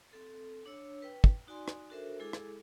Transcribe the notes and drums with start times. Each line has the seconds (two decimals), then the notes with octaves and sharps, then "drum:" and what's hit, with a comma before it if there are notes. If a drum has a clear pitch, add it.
0.13 C4 A4
0.66 D4 C#5 E6
1.02 B4 G5
1.24 drum: kick
1.47 D#4 F#4 D5 G#5 C6
1.68 drum: rim click
1.90 D4 F#4 A4 A#4 C5 E5
2.20 G#3 E4 G#4 A4 D6
2.33 drum: rim click